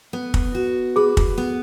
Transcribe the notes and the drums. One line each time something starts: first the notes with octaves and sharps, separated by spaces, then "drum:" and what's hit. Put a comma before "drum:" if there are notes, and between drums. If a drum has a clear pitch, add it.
B3
drum: kick
F#4
G#4 B4
drum: kick
B3